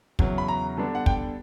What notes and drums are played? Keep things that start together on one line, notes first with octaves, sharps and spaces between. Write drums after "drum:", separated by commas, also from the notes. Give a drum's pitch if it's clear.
E2 C#3 F#3, drum: kick
B5
A#5
D3 G3 B3 D4
F#5
G5, drum: kick